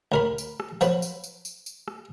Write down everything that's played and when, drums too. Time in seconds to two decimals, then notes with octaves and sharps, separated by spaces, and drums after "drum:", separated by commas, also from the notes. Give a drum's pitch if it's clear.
0.12 D2 A#4 B5
0.38 drum: tambourine
0.60 drum: rim click
0.81 F3 F#3 B4, drum: tambourine
1.02 drum: tambourine
1.24 drum: tambourine
1.45 drum: tambourine
1.66 drum: tambourine
1.88 drum: rim click